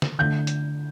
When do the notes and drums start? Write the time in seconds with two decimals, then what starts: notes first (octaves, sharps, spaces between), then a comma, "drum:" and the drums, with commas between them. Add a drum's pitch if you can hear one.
0.02 drum: snare D3
0.19 D3 A3 G6
0.47 drum: hi-hat